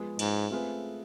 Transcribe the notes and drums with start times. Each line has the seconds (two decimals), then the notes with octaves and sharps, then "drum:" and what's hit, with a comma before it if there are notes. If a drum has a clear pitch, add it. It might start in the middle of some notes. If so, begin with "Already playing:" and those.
Already playing: F3 G#3 B3
0.19 G#2, drum: cymbal
0.51 A3 C4 F4 G#4 B4